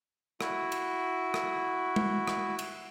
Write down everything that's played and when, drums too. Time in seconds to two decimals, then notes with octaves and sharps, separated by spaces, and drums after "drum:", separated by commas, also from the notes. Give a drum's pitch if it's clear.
0.41 E4 F#4, drum: rim click
0.72 drum: cymbal
1.34 drum: rim click
1.96 drum: tom G#3
2.28 drum: rim click
2.59 drum: cymbal